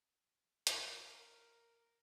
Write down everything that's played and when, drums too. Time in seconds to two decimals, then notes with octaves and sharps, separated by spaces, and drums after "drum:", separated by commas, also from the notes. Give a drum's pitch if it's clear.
0.67 A#4, drum: hi-hat